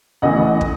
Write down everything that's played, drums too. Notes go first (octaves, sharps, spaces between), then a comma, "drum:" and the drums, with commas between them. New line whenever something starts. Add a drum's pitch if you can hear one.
A1 A2 E3 D#5 F#5
drum: kick